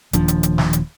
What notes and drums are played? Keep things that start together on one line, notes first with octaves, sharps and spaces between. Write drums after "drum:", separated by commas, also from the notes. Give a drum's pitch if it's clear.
D#1 D#2 F3 D4, drum: hi-hat
drum: hi-hat
drum: hi-hat
drum: snare
drum: hi-hat